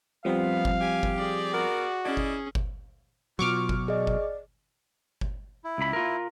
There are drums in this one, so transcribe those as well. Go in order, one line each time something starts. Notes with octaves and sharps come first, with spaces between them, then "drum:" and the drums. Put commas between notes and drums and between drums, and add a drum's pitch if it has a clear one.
A#2 F3 G3 B3 C4 F5
drum: kick G1
G4 G#5
drum: kick G1
G#4 D5
B3 F#4 A#4
C#4 E4 G#4 D5 D#5
drum: kick G1
drum: kick G1
B2 F#3 F4 C#6 D6 F6
drum: kick G1
G#4 D5 D#5
drum: kick G1
drum: kick G1
E4
C#2 B5
F4 A#4